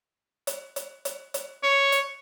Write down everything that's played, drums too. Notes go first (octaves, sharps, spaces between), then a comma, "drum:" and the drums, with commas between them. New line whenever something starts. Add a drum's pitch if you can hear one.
drum: hi-hat
drum: hi-hat
drum: hi-hat
drum: hi-hat
C#5
drum: hi-hat